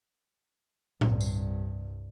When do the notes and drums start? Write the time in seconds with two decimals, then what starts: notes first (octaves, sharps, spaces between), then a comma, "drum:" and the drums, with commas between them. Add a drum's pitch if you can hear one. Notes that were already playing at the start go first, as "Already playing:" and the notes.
1.01 C2 G2, drum: tom A2
1.20 drum: tambourine